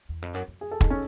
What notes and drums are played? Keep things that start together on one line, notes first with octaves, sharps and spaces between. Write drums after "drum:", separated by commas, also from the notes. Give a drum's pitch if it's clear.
E2
F2
F#2
F2
G#4
A4
D#4, drum: kick
C#4